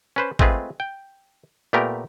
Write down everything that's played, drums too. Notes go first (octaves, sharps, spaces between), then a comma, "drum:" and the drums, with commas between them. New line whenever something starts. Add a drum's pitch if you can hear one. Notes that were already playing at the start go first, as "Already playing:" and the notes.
C#4 B4 C5
G#3 A3 C4 F4 G#4 B4, drum: kick
G5
A#2 A3 B3 G4 A#4